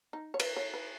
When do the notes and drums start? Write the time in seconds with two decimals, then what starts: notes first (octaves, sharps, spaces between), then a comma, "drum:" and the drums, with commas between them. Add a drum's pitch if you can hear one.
0.13 D#4
0.34 C#5
0.40 B4, drum: cymbal
0.57 C#5
0.74 B4